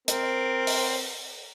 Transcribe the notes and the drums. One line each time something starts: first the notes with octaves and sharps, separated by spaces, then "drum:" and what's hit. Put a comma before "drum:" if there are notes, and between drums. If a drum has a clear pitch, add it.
C4 A#4, drum: hi-hat
drum: open hi-hat